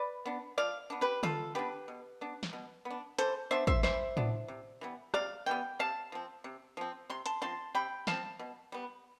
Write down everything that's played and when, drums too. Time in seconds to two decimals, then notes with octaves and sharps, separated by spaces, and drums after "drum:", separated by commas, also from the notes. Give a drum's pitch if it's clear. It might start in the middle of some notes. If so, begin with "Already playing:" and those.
Already playing: B4 D5
0.26 B3 D4
0.58 F3 D5 F5
0.90 B3 D4
1.01 G4 B4
1.23 F3 F4 A4, drum: tom D3
1.55 B3 D4 G4 B4
1.88 B2
2.21 B3 D4
2.43 drum: snare
2.53 B2
2.85 B3
2.91 D4
3.18 E3 A4 C5, drum: hi-hat
3.51 B3 D4 C5 E5
3.67 C5 E5, drum: kick
3.83 E3 C5 E5, drum: snare
4.17 B3 D4, drum: tom A2
4.48 C3
4.81 E3 G3 B3
5.14 C3 D5 F5, drum: rim click
5.46 E3 G3 B3 G5
5.79 C3 F5 A5
6.12 F3 C4
6.44 C3
6.77 F3 C4
7.10 C3 C6
7.26 A5 C6, drum: hi-hat
7.42 F3 C4 A5 C6
7.75 C3 G5 B5
8.07 F3 C4 F5 A5, drum: snare
8.39 B2
8.72 G3 B3